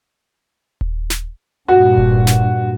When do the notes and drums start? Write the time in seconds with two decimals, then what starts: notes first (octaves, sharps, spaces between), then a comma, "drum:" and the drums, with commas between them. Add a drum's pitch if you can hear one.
0.81 drum: kick D#1
1.10 drum: snare
1.68 G2 A#2 F#4
1.98 drum: kick D#1
2.27 drum: snare